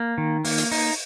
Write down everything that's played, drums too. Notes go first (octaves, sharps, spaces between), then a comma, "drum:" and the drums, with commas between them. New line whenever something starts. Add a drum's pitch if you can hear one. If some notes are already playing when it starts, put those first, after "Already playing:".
Already playing: A#3
D#3
A#3, drum: open hi-hat
drum: hi-hat
D#4, drum: open hi-hat